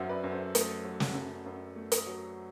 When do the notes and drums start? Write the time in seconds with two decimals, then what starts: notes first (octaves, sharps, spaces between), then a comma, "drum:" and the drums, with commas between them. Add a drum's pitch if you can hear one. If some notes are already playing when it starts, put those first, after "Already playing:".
Already playing: F#2 F#3 C5 E5 F#5
0.09 B4 D5
0.24 F#2
0.31 A4 C5
0.55 A3, drum: hi-hat
0.85 F#3
1.00 drum: snare
1.15 F#2
1.46 F#2
1.76 A3
1.92 drum: hi-hat
2.07 F#3